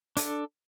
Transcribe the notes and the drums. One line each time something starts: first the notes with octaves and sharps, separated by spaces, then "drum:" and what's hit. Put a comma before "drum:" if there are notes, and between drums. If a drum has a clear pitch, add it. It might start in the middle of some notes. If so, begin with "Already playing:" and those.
D4 A4, drum: hi-hat